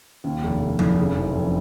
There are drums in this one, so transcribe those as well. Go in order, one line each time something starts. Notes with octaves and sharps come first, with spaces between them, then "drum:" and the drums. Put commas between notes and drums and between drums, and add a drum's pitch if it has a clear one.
D#2
F1
F1
F1, drum: tom F3
C#3
F#1
F2